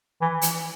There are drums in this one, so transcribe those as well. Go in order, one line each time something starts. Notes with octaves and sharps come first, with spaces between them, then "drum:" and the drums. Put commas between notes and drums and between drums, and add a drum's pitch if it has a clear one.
E3
drum: hi-hat